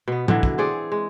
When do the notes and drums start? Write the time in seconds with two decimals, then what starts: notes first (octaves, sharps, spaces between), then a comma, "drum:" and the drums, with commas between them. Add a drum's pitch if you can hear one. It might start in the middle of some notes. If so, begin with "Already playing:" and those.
0.08 B2 B3
0.28 B2 D3 E3 F#3, drum: tom
0.43 drum: kick
0.58 C4 G#4 D5 F#5
0.92 G#3